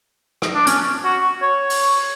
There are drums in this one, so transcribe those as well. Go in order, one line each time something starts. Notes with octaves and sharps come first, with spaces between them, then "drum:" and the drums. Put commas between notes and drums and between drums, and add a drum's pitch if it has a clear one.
drum: rim click
D4
C#4, drum: hi-hat
F#4
C#5
drum: open hi-hat